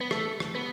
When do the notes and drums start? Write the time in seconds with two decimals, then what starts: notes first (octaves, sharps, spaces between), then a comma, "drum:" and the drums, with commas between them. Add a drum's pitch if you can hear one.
0.01 B3
0.11 A3, drum: rim click
0.40 drum: rim click
0.55 B3